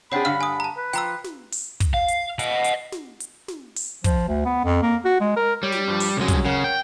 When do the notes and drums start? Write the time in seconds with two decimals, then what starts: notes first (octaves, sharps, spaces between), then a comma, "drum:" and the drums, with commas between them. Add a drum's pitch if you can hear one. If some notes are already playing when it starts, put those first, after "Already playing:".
0.12 C4 D4 G#4 C#5 F#5 B5
0.25 G2 D3 F5 E6 F6
0.41 G#5 D#6
0.60 A5 A#5
0.77 B4
0.93 F3 G5 A#5 E6, drum: hi-hat
1.24 drum: snare
1.52 drum: open hi-hat
1.80 drum: kick, hi-hat
1.94 F5
2.08 drum: hi-hat
2.39 D#5 F#5, drum: hi-hat
2.64 drum: hi-hat
2.92 drum: snare
3.20 drum: hi-hat
3.48 drum: snare
3.76 drum: open hi-hat
4.04 F3, drum: kick, hi-hat
4.28 D2
4.45 B3
4.65 F2
4.82 A#3
5.05 F#4
5.21 G#3
5.36 A#4
5.63 G3 C#5
5.72 drum: snare
5.88 G2 F3
6.00 drum: open hi-hat
6.17 C2 F#3 G#3 C#4
6.28 drum: kick, hi-hat
6.45 C#3 A#4 C#5 F#5
6.64 G5